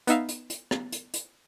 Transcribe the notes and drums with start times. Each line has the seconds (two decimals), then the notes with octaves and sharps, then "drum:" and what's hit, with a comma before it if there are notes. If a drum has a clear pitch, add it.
0.07 B3 D#4 E5 F5, drum: hi-hat
0.29 drum: hi-hat
0.50 drum: hi-hat
0.71 drum: rim click
0.92 drum: hi-hat
1.14 drum: hi-hat